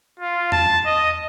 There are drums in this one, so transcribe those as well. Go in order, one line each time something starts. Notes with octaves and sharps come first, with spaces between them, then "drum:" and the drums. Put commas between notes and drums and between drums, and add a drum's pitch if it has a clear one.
F4
A5, drum: tom E2
D#5